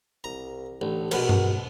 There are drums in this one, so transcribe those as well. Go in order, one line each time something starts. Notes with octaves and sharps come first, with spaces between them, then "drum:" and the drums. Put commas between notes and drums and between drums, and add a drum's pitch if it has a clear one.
C2 A#5
A1 D3
A#1 B2 A#4, drum: cymbal
drum: tom G2